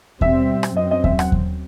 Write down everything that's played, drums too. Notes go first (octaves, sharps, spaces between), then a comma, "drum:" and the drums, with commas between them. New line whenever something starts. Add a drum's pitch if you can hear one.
B2 G3 C4 E5, drum: kick D#2
drum: rim click
F#2 F#3 C4 D#5
D#5
E5, drum: kick D#2
F#5, drum: rim click
drum: kick D#2